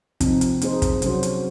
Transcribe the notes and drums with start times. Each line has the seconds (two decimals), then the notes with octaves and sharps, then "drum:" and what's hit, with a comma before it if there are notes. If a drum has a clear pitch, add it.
0.21 C3 F3 C4 D#4, drum: kick, hi-hat
0.41 drum: hi-hat
0.62 A#3 D#4 G#4 C5, drum: hi-hat
0.82 drum: kick, hi-hat
1.02 C3 F#3 C#4 F#4 C5, drum: hi-hat
1.23 drum: hi-hat